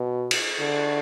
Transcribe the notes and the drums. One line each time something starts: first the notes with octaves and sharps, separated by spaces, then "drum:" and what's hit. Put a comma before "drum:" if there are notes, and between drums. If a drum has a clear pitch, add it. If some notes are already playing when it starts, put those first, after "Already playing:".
Already playing: B2
drum: cymbal
D3